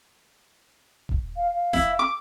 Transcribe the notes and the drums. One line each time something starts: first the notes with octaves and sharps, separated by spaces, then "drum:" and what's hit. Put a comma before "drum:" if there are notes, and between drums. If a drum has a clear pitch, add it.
drum: kick D#1
F5
F5
E4, drum: snare F1
D6